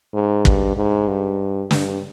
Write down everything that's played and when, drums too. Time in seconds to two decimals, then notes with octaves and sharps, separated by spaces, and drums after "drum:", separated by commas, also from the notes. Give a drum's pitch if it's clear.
0.14 G#2
0.45 G2, drum: kick
0.77 G#2
1.08 G2
1.71 G2, drum: snare